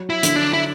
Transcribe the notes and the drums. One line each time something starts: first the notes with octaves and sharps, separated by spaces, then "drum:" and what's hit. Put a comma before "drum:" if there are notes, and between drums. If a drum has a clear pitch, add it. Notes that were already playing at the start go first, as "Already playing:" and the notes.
Already playing: F#3
E4
D3, drum: hi-hat
D4
E4